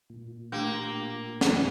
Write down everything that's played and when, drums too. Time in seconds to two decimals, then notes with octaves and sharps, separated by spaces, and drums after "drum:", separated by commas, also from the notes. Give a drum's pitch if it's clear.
0.10 A#2
0.52 A3 A#3 D4 G4
1.41 drum: snare